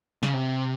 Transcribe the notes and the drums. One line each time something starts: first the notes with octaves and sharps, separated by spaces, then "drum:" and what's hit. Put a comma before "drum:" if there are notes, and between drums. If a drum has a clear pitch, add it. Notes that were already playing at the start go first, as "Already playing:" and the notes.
C#3, drum: snare
C3